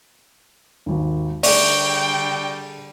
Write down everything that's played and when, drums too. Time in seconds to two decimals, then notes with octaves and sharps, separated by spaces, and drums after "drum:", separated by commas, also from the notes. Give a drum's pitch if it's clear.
0.86 G#1 D#2
1.43 D3 G3 A3 G#4 D5 G5 C#6, drum: open hi-hat